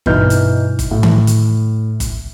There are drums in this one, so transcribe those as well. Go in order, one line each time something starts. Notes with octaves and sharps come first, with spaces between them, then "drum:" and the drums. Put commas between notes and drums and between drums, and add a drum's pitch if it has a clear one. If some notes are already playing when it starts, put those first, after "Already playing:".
G2 B2 E3 D#4 F6 G6, drum: kick G1
drum: hi-hat
drum: kick G1, hi-hat
A2
drum: tom D#3
drum: hi-hat
drum: kick G1, hi-hat